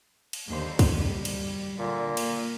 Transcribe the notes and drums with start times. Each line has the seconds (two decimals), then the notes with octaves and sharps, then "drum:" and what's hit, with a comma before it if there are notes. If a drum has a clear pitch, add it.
0.33 drum: cymbal
0.48 D#2 D3 C5
0.79 drum: kick, cymbal
0.94 G3
1.25 drum: cymbal
1.79 A#2 D3
2.17 A#3, drum: cymbal